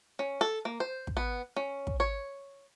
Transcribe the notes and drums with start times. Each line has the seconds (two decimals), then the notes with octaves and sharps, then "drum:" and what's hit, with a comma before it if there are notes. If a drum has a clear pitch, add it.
0.19 C#4
0.41 A4
0.65 A#3
0.80 C5
1.07 drum: kick
1.17 B3
1.56 C#4
1.87 drum: kick
2.00 C#5